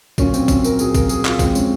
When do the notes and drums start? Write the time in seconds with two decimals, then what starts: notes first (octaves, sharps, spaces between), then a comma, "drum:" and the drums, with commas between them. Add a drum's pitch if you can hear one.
0.18 A#2 F#3 C#4, drum: kick A#1, tambourine
0.34 C4, drum: tambourine
0.48 C#4, drum: kick A#1, tambourine
0.64 A#4, drum: tambourine
0.79 A#2 F#3 G#4, drum: tambourine
0.94 A#4, drum: kick A#1, tambourine
1.09 G#4, drum: tambourine
1.25 F4, drum: clap
1.39 F2 C3 F3 G#3 C4, drum: kick A#1, tambourine
1.55 C#4, drum: tambourine